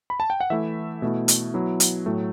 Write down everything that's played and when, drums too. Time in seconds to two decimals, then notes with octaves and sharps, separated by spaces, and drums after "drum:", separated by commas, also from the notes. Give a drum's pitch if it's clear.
0.10 B5
0.20 A5
0.30 G5
0.40 F#5
0.50 E3 A3 E4 E5
1.02 B2 A3 E4
1.28 drum: hi-hat
1.54 F#3 B3 E4
1.80 drum: hi-hat
2.06 A2 F#3 A3